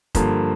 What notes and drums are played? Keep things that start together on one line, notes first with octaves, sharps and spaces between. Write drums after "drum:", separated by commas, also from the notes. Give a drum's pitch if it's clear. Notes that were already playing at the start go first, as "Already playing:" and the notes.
G2 D3 F3 A#3, drum: kick F1, hi-hat